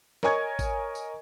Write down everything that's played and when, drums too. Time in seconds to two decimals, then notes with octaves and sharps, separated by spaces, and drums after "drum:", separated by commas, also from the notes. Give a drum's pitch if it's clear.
0.23 A#4 C#5 D#5 G#5 C#6 G#6, drum: snare
0.59 drum: kick G#1, tambourine
0.95 drum: tambourine